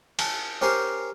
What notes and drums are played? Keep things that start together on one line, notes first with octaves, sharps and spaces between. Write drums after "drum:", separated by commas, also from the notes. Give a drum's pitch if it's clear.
G#5 A5, drum: cymbal
C#4 G4 A#4 C5 G#5 C6